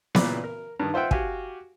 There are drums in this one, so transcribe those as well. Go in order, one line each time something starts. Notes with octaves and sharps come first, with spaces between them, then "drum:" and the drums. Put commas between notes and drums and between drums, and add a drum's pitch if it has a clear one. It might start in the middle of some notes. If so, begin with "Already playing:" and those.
A#2 C#3 E3 B4 D5, drum: snare B3
A#4
G2 D#3
F4 C5 E5 F#5 G5
F#4 G4 F5 G#5, drum: kick